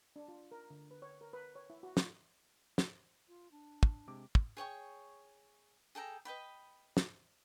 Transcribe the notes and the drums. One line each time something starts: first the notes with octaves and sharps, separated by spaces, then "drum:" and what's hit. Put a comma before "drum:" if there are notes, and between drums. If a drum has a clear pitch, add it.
D4
F4
A#4
D3
B4
C#5
A#4
B4
C#5
E4
F#4
F4, drum: snare
drum: snare
F4
D4
drum: kick
C3 G#3 D6
drum: kick
G#4 C#5 G5 C#6
G#4 A4 G5 A#5
B4 D#5 G5 B5
drum: snare